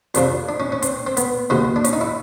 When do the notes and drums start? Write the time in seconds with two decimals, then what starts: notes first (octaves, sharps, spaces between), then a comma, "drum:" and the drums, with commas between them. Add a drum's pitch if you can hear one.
0.15 F2 C3 F3 D4, drum: hi-hat
0.49 D4
0.60 C#4
0.72 C#4
0.82 C4, drum: hi-hat
1.07 C4
1.17 B3, drum: hi-hat
1.50 D#2 C#3 F#3 C4
1.76 D4
1.85 C#4, drum: hi-hat
1.93 D#4
2.01 E4